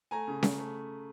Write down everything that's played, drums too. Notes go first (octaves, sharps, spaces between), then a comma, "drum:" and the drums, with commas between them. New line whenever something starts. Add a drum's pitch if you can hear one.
A3 G#5 A#5
C#3
C#3, drum: snare C#4
A3